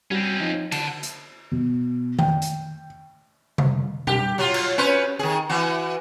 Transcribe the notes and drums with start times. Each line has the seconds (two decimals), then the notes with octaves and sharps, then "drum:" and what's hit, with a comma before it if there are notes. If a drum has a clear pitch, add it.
0.11 G3 C4 C#4 F#4
0.40 F3 D#4
0.72 D3 F#5 A5, drum: cymbal
1.03 drum: hi-hat
1.52 B2
2.19 G5, drum: tom D#3
2.42 drum: hi-hat
3.58 drum: tom C3
4.07 G4, drum: tom B2
4.38 F#3 F4
4.54 drum: cymbal
4.78 C#4 B4 C5
5.19 D#3 G#4
5.49 E3 F#4